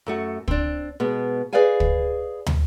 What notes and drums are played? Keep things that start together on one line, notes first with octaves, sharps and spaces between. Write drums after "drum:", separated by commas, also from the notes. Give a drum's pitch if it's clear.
F#2 A3 F#4
C4 D4, drum: kick
B2 G#3 B3
G#4 B4 D5 D#5 F5 G#5
drum: kick
drum: tom